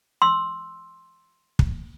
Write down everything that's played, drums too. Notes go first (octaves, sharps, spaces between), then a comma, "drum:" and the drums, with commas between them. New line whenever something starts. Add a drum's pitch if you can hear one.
C6 E6
drum: kick